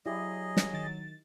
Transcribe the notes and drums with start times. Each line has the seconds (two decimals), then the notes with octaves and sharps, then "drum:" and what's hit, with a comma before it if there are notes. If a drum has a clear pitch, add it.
0.06 F#3 E4 G4 G#4 D5 D#5
0.57 drum: snare
0.73 D#3 A6